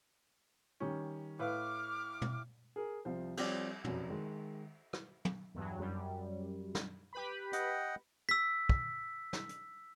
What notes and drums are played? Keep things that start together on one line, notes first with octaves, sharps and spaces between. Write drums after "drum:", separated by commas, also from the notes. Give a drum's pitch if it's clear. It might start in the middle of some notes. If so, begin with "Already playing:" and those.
D#3 G3 C#4
A2 B4 F5 D6 F6
drum: tom
G#4 A#4
C2 F3 C5
F3 G3 C4 G4 C#5 D5, drum: cymbal
F1 F#2, drum: tom
D#3 G#3
drum: rim click
drum: tom
E2 G2 F#3
F#2 G3
drum: snare
G4 B4 B5
D#5 F#5 G5, drum: hi-hat
E6 B6
drum: kick
drum: snare
drum: hi-hat